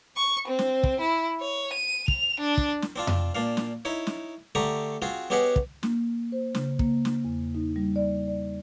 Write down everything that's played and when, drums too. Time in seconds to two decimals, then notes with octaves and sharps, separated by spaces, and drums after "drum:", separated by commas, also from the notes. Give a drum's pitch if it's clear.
0.16 C#6
0.47 C4
0.59 drum: snare
0.83 drum: kick
1.00 E4
1.41 C#5
1.73 D#7
2.08 F7, drum: kick
2.40 D4
2.57 drum: kick
2.82 drum: snare
2.96 C4 D4 F4
3.07 drum: tom F2
3.35 A#2 D4 F5
3.57 drum: snare
3.85 D#4 E4 C#5
4.07 drum: snare
4.55 D3 A3 G4 A#5 C#6 D#6
5.02 C4 F4 F#4 G#4
5.30 B3 C#4 G4 G#4 D#5 F#5
5.56 drum: kick
5.83 A#3, drum: snare
6.32 C5
6.55 C#3, drum: snare
6.79 A#3, drum: kick
7.05 drum: snare
7.25 E2
7.55 D#4
7.76 G3
7.96 D5
8.28 D5